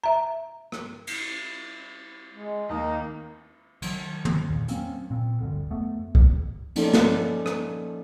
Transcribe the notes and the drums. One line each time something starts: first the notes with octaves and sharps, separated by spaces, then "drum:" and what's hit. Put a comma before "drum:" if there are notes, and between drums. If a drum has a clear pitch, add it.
E5 A#5
drum: rim click
drum: cymbal
G#3
D#2 D#3 A#3 D#4
D#3 F#3, drum: cymbal
drum: tom
E2 A#2
F#3 A#3 C4 C#4, drum: hi-hat
A#2 C4
F1 D2 G2 D3
F2 A3 B3
drum: kick
F3 A#3 C#4 D#4 A4 D5, drum: cymbal
drum: snare
drum: rim click